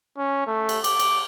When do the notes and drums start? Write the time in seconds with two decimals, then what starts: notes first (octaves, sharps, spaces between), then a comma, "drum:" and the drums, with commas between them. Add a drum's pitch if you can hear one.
0.17 C#4
0.47 A3
0.69 drum: cymbal
0.84 D6, drum: cymbal
0.99 drum: cymbal